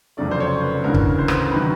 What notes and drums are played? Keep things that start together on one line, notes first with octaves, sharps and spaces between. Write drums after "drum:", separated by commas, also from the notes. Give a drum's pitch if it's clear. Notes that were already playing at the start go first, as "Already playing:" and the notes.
F1 F2 C#3 F#3 A3 D5
C5
C#5
B4
D2 C#3 E3 A#4
drum: kick
C5
B4, drum: rim click
D2 C3 D#3 F#3 B4